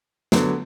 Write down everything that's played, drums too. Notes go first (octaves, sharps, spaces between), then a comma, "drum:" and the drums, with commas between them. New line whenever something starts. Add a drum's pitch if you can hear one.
D3 F#3 B3, drum: snare